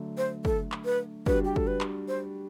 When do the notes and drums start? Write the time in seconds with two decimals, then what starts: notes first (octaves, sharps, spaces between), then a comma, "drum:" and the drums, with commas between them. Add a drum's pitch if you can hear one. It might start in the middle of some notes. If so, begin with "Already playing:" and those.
Already playing: D3 F#3 A3 D4 F#4
0.17 C5
0.45 A4, drum: kick
0.72 drum: clap
0.85 B4
1.26 G3 D4 F#4 B4, drum: kick
1.45 G4
1.56 A4, drum: kick
1.67 B4
1.81 drum: clap
2.08 C5